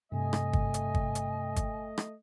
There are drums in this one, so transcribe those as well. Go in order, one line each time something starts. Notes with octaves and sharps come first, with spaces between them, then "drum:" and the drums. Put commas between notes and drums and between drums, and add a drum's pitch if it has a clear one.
G2 C3 A3 D#5 G#5
drum: rim click
drum: kick
drum: hi-hat
drum: kick
drum: hi-hat
drum: kick, hi-hat
drum: rim click